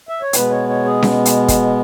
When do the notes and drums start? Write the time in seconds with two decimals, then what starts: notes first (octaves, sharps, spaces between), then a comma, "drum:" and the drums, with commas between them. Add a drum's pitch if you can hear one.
0.09 E5
0.22 C#5
0.33 B2 G#3 B3 B4, drum: hi-hat
0.51 C#5
0.69 C#5
0.85 G#4
1.03 drum: snare C#4
1.25 drum: hi-hat
1.48 drum: kick, hi-hat